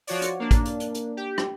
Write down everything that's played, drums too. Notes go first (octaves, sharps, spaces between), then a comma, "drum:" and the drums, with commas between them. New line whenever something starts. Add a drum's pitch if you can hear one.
F3 F#4 C#5 D5, drum: open hi-hat
drum: hi-hat
A#3 D4
drum: kick, hi-hat
drum: hi-hat
drum: hi-hat
drum: hi-hat
G4
drum: rim click